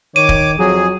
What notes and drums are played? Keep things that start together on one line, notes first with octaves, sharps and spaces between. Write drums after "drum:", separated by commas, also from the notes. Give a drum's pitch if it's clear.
D#3 C#5 D6 D#7
drum: kick
F2 F#3 G#4